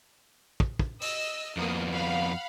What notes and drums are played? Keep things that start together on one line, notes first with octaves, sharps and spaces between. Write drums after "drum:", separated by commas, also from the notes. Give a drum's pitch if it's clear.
drum: kick
drum: kick
D#5 E6, drum: open hi-hat
F2 A#3 B3 D#6
F5 F#5 B5